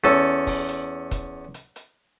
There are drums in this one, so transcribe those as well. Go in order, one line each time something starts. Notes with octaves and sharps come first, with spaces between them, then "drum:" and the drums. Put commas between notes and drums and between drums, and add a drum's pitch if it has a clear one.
E2 C#4 A4
drum: kick, open hi-hat
drum: hi-hat
drum: kick, hi-hat
drum: hi-hat
drum: hi-hat